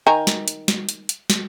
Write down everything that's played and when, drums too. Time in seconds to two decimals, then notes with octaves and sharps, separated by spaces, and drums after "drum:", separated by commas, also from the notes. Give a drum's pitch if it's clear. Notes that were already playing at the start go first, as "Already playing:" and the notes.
0.07 D#3 G#5 A#5
0.27 drum: snare
0.48 drum: hi-hat
0.68 drum: snare
0.89 drum: hi-hat
1.09 drum: hi-hat
1.30 drum: snare